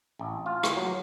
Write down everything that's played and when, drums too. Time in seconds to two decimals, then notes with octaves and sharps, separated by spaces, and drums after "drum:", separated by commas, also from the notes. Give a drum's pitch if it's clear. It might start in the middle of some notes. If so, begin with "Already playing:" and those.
0.19 A1
0.46 F4
0.63 drum: rim click
0.76 F#3